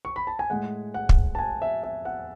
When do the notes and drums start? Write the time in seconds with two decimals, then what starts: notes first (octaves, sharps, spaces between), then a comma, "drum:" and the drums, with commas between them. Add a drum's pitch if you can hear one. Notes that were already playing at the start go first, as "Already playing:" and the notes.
0.05 C#6
0.16 B5
0.27 A5
0.39 G#5
0.50 A2 G#3 F#5
0.94 F#5
1.09 drum: kick
1.35 A5
1.39 G#5
1.62 E5
1.83 E5
2.05 F#5